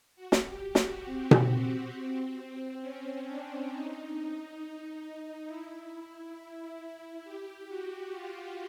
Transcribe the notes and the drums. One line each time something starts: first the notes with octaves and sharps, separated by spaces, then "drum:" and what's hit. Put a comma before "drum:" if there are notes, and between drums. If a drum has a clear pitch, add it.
F#4
drum: snare
G4
F#4, drum: snare
C4
drum: tom B2
C4
C#4
D4
D#4
E4
G4
F#4
F4